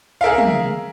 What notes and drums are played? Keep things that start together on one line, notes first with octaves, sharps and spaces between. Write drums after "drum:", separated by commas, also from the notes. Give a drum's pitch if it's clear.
G#4 A#4 E5 F5
drum: tom